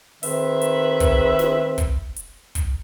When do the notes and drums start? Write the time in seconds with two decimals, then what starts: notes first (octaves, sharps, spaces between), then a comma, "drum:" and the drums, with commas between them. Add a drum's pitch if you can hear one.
0.23 D#3 C4 G#4 B4 E5, drum: open hi-hat
0.61 drum: hi-hat
1.00 drum: kick, hi-hat
1.39 drum: snare
1.78 drum: kick, hi-hat
2.16 drum: hi-hat
2.55 drum: kick, hi-hat